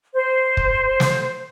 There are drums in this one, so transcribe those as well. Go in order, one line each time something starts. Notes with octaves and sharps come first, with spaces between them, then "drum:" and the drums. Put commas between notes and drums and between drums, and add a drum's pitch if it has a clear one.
C5
drum: kick
drum: snare